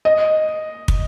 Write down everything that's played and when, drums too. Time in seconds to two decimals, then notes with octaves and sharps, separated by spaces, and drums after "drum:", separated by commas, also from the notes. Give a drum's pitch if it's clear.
0.05 D#5
0.88 drum: kick